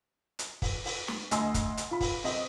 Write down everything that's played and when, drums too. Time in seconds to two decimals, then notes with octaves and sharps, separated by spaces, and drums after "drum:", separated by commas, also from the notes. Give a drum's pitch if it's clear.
0.39 drum: hi-hat
0.62 drum: kick, open hi-hat
0.85 drum: open hi-hat
1.08 drum: snare
1.31 D2 D#5 G#5 C6 E6, drum: hi-hat
1.54 drum: kick, hi-hat
1.77 drum: hi-hat
1.91 F4 B5
2.01 drum: kick, open hi-hat
2.24 C4 D#5, drum: open hi-hat